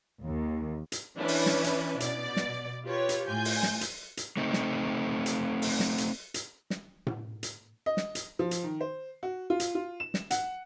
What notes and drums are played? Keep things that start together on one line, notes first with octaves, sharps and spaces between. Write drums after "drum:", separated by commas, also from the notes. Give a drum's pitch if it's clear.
D#2
drum: hi-hat
E3 C#4 D4 E4 B4
drum: open hi-hat
drum: snare
drum: hi-hat
B2 D5, drum: hi-hat
drum: snare
F4 G4 B4 C#5
drum: hi-hat
A2 F4 G#5 G6
drum: open hi-hat
drum: snare
drum: hi-hat
drum: hi-hat
A3 C4 D#4
drum: snare
drum: hi-hat
drum: open hi-hat
drum: snare
drum: hi-hat
drum: hi-hat
drum: snare
drum: tom A2
drum: hi-hat
D#5
drum: snare
drum: hi-hat
F3
drum: hi-hat
D#3
C5
F#4
F4
drum: hi-hat
F4
E7
drum: snare
F#5, drum: hi-hat